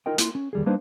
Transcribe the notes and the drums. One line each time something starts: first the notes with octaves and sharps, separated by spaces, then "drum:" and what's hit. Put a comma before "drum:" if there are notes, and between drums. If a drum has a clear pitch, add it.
D#4 F4 A#4 D#5 G5
A#3 E4 F4 C6, drum: hi-hat
C#4
D#2 G3 G#4
G3 A#3 D4 D#4 B4 C5